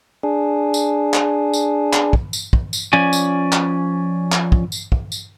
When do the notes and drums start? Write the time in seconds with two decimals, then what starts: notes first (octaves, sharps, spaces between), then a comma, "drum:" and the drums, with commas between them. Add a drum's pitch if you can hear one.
0.23 D4 G#4
0.74 drum: tambourine
1.14 drum: clap
1.53 drum: tambourine
1.93 drum: clap
2.13 drum: kick
2.33 drum: tambourine
2.53 drum: kick
2.73 drum: tambourine
2.93 F3 C#4 D5 G#5
3.13 drum: tambourine
3.53 drum: clap
4.32 drum: clap
4.52 drum: kick
4.72 drum: tambourine
4.92 drum: kick
5.12 drum: tambourine